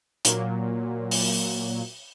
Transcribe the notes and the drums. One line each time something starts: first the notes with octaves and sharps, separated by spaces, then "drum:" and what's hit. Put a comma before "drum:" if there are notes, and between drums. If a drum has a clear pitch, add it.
A#2 F#3 A#3, drum: hi-hat
drum: open hi-hat